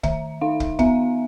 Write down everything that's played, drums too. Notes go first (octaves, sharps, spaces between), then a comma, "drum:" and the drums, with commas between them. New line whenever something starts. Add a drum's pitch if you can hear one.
D#3 E5, drum: kick
D#4 F5
drum: kick
B3 E5, drum: kick